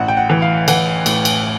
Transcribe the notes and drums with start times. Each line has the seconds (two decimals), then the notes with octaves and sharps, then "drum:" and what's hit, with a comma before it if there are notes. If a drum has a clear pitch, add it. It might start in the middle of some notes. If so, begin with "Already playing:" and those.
Already playing: A1 F#5
0.08 G5
0.17 F#5
0.30 E3
0.42 F5
0.68 E3 F#5, drum: cymbal
1.06 A2, drum: cymbal
1.25 drum: cymbal